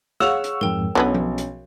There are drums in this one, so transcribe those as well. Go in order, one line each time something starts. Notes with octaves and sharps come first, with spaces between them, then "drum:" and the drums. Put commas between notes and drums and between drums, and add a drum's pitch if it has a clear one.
G#4 C#5 F5 F#5 C#6 E6 F7, drum: snare
drum: hi-hat
F2 G#2 A#4 G5
B1 D3 E3 B3 C#4
drum: tom F3
drum: hi-hat